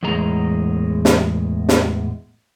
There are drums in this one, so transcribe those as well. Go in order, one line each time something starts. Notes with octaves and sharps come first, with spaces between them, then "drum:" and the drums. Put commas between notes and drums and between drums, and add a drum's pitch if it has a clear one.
E2 A2 G#3 A#5
drum: snare
drum: snare